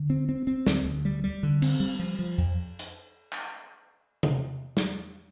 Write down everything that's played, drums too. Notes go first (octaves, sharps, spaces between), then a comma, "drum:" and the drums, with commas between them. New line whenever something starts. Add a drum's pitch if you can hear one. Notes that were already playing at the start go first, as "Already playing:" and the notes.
Already playing: D3
C4
C4
C4
D2, drum: snare
D2
G3
G3
D3
C4, drum: cymbal
G3
F3
F3
F2
drum: hi-hat
drum: clap
drum: tom C3
drum: snare